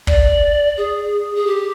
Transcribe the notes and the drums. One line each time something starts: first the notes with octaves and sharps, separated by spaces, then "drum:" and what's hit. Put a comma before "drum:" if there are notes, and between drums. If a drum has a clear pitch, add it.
D5, drum: kick
G#4
G#4
G4